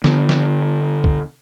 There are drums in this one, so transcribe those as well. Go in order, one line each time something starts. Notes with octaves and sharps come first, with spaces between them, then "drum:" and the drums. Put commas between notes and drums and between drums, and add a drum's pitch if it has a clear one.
D3 B3, drum: snare
drum: snare
drum: kick